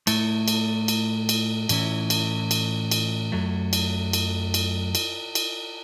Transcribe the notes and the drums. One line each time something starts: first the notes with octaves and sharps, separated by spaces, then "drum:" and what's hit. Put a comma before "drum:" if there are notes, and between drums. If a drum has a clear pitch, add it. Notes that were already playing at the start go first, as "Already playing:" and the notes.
A2 A3 E4 A4, drum: cymbal
drum: cymbal
drum: cymbal
drum: cymbal
A2 E3 C#4 E4, drum: cymbal
drum: cymbal
drum: cymbal
drum: cymbal
F#2 F#3 A3
drum: cymbal
drum: cymbal
drum: cymbal
drum: cymbal
drum: cymbal